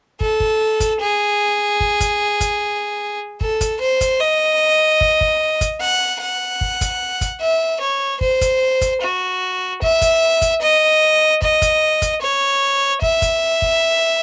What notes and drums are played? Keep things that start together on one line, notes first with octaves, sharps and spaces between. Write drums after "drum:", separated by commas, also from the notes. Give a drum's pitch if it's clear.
A4, drum: kick
drum: kick
drum: kick, hi-hat
G#4
drum: kick
drum: kick, hi-hat
drum: kick, hi-hat
A4, drum: kick
drum: kick, hi-hat
C5
drum: kick, hi-hat
D#5
drum: kick
drum: kick
drum: kick, hi-hat
F#5
F#5
drum: kick
drum: kick, hi-hat
drum: kick, hi-hat
E5
C#5
C5, drum: kick
drum: kick, hi-hat
drum: kick, hi-hat
F#4
E5, drum: kick
drum: kick, hi-hat
drum: kick, hi-hat
D#5
D#5, drum: kick
drum: kick, hi-hat
drum: kick, hi-hat
C#5
E5, drum: kick
drum: kick, hi-hat
drum: kick